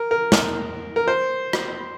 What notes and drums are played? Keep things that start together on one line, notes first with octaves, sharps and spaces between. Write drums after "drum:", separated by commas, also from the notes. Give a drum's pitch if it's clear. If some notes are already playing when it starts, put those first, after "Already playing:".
Already playing: A#4
A#4
drum: snare
A#4
C5
drum: rim click